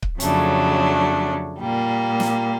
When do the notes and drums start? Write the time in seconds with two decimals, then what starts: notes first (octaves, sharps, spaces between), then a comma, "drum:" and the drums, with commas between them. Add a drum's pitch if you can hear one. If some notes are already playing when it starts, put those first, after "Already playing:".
0.03 drum: kick C#1
0.20 F2 C#3 F#3 A3 D4, drum: hi-hat
1.60 A#2 G3 A#3
2.20 drum: snare